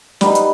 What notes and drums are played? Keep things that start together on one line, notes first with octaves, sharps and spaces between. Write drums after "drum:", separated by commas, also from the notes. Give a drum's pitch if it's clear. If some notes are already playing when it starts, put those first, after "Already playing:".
G3 B3 D#4, drum: snare
drum: hi-hat